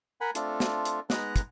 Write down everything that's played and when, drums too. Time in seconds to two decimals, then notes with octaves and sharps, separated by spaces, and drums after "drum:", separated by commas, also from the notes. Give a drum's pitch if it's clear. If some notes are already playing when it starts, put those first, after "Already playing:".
0.21 A#4 F#5 G#5 B5
0.35 A3 C4 D4 F4 A4, drum: hi-hat
0.60 drum: snare
0.85 drum: hi-hat
1.10 G#3 B3 D#4 A#5 F#6, drum: snare
1.36 drum: kick, hi-hat